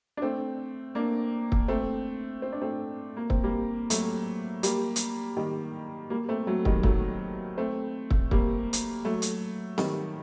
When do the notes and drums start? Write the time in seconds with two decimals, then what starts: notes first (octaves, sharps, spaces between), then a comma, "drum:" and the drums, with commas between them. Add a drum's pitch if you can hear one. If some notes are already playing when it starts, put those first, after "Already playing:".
0.17 D4
0.22 A3 C4
0.95 A#3 D4
1.52 drum: kick
1.68 A3 C4
2.42 C4
2.52 D4
2.62 A3 C4
3.17 A#3
3.30 C4, drum: kick
3.44 G3 A#3
3.90 F#3 A3, drum: hi-hat
4.63 G3 A#3, drum: hi-hat
4.96 drum: hi-hat
5.37 D#3 G3
6.10 G3 A#3
6.29 A3 C4
6.47 F#3 A3
6.65 D#3 G3, drum: kick
6.83 F#3 A3, drum: kick
7.57 A3 C4
8.10 drum: kick
8.31 G3 A#3, drum: kick
8.73 drum: hi-hat
9.05 F#3 A3
9.22 drum: hi-hat
9.78 D#3 G3, drum: snare C4